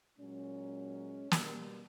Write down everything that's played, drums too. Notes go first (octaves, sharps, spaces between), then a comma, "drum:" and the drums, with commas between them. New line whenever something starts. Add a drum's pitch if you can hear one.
A#2 F#3 G#3 C#4
B2 G3 A#3, drum: snare